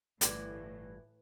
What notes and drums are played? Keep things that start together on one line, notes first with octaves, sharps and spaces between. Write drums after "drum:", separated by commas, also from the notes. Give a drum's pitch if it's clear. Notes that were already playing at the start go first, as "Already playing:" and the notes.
G1 A2 E3 D5, drum: hi-hat